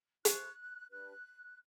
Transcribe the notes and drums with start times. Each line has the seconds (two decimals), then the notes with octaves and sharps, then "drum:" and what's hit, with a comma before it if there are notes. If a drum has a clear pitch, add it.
0.25 E4 A4 C5 F#6, drum: hi-hat
0.90 D4 G4 B4 F#6